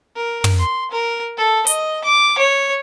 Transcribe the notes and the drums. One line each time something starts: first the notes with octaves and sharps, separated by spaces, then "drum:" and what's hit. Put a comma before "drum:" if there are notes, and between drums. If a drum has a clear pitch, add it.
A#4
drum: tom
C6
A#4
A4
D#5, drum: hi-hat
D6
C#5